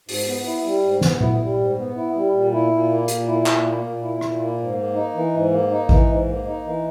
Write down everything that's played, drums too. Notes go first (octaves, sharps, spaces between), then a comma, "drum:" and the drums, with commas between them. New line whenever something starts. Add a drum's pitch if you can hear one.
G#2, drum: open hi-hat
B3
E4
G3
G#2
B3, drum: snare
E4, drum: tom A#2
G3
G#2
B3
E4
G3
A#2
E4
A#2
A#3
A#2, drum: hi-hat
E4
A#2, drum: clap
A#3
A#2
E4
A#2, drum: rim click
A#3
G#2
A#3
D#4
E3
G#2
A#3
D#4
E3, drum: kick A1
G#2
A#3
D#4
E3